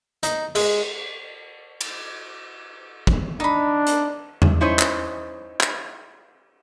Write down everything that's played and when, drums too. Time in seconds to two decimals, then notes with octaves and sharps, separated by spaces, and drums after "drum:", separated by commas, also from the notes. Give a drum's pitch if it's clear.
0.23 D#4, drum: hi-hat
0.55 G#3, drum: cymbal
1.81 drum: cymbal
3.07 drum: kick
3.40 D4 D#4 B5
3.87 drum: hi-hat
4.42 drum: tom E2
4.61 C#4 D#4 E4 C5 C#5 D#5
4.79 drum: clap
5.61 drum: clap